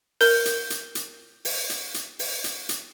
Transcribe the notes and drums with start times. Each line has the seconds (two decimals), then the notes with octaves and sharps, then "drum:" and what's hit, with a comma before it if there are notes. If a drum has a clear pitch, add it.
0.21 A#4 G6, drum: open hi-hat
0.45 drum: hi-hat
0.70 drum: hi-hat
0.95 drum: hi-hat
1.45 drum: open hi-hat
1.70 drum: hi-hat
1.94 drum: hi-hat
2.19 drum: open hi-hat
2.44 drum: hi-hat
2.69 drum: hi-hat